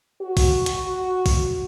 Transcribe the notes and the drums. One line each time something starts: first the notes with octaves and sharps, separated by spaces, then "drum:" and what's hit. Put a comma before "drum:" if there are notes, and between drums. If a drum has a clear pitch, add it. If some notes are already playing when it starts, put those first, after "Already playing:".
F#4
drum: kick, open hi-hat
drum: hi-hat
drum: kick, open hi-hat